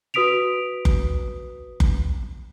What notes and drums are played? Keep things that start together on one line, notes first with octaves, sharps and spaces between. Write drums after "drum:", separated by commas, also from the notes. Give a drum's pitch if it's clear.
F#4 B4 D#6 B6 D7 F7
drum: kick F#1
drum: kick F#1